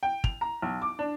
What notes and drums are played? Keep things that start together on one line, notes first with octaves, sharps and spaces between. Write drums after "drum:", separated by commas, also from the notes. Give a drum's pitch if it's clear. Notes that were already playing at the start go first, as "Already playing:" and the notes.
G5
F7, drum: kick
A#5
B1
D6
D4